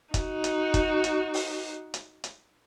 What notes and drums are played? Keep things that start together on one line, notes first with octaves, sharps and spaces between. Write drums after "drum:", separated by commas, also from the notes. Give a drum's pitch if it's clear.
D#4 F#4, drum: kick, hi-hat
drum: hi-hat
drum: kick, hi-hat
drum: hi-hat
drum: open hi-hat
drum: hi-hat
drum: hi-hat